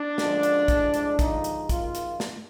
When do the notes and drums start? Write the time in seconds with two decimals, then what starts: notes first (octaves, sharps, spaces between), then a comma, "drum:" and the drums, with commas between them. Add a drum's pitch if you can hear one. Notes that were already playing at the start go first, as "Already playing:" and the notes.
Already playing: D4
0.18 F#2 D3 F3 G#3, drum: snare
0.43 drum: hi-hat
0.68 A2 F3 G#3, drum: kick, hi-hat
0.94 drum: hi-hat
1.19 G2 D3 F3 G#3 D#4, drum: kick, hi-hat
1.44 drum: hi-hat
1.69 F#2 D#3 G#3 F4, drum: kick, hi-hat
1.95 drum: hi-hat
2.20 drum: snare